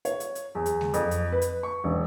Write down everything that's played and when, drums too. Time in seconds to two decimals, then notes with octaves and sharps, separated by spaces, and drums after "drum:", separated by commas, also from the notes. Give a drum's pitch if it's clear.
0.05 C#5, drum: hi-hat
0.20 drum: hi-hat
0.35 drum: hi-hat
0.55 E2
0.66 drum: hi-hat
0.81 drum: snare G#3
0.94 F2, drum: hi-hat
1.11 drum: hi-hat
1.32 B4
1.42 drum: hi-hat
1.63 C#6
1.84 E1